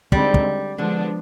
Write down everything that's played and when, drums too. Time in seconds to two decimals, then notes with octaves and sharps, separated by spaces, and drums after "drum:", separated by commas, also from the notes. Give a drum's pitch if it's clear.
0.12 D3 G3 G#3 C4 D#4, drum: kick
0.34 drum: kick
0.78 D3 F3 G#3 B3 D4